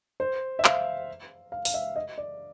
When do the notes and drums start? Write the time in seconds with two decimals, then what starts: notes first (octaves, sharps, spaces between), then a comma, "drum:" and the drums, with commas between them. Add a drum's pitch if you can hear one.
0.20 C5
0.59 E5
0.65 F5, drum: clap
1.52 F5
1.65 F5, drum: open hi-hat
1.74 E5
1.96 D#5
2.18 D5